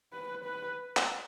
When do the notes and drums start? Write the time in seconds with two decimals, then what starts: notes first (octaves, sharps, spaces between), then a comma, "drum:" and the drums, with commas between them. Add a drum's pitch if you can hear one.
0.13 B4
0.44 B4
0.97 drum: clap